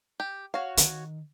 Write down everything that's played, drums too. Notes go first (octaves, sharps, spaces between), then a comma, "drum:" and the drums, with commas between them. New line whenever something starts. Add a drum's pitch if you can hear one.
G4
F#4 C#5 F5
D#3, drum: hi-hat